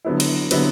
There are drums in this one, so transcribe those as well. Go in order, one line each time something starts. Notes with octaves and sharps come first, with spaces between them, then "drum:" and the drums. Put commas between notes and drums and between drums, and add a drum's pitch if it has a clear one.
D3 F#3 B3 E4
drum: cymbal
D3 F#3 B3 E4, drum: cymbal